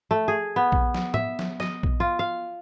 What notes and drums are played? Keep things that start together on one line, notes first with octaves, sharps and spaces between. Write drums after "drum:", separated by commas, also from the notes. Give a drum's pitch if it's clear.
A3
G#4
B3
drum: kick A#1
drum: snare
E5, drum: tom A2
drum: snare
D#5, drum: snare
drum: kick A#1
F4
F5